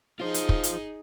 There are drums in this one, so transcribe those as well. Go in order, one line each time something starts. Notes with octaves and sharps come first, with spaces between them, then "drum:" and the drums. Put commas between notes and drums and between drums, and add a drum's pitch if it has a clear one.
D#4 F4 G#4 C5
drum: hi-hat
drum: kick
drum: hi-hat